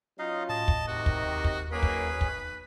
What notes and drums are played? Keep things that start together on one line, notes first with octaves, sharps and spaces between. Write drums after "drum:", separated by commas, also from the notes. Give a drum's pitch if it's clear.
F#3 C#4 D#4 F4 D#5 F5
A2 D#5 A5
drum: kick
C3 D#3 F#4
drum: kick
D#2
drum: kick
D#3 F#3 A#3 C#4 G#4 B4
drum: kick
B1
drum: kick